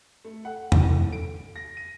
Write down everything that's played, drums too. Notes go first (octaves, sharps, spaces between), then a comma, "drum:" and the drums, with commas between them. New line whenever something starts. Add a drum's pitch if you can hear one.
A3
F#5
E3, drum: tom
A4
D7
A#6
D#7